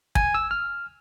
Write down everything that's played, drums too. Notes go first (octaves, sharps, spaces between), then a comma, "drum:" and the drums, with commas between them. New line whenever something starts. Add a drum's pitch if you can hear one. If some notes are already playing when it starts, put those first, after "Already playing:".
G#5, drum: kick
E6
F6